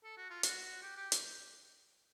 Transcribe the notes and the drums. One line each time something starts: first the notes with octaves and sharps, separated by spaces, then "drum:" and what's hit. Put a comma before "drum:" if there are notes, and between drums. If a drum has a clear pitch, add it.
A4
F#4
F4
F#4, drum: hi-hat
G4
G4
drum: hi-hat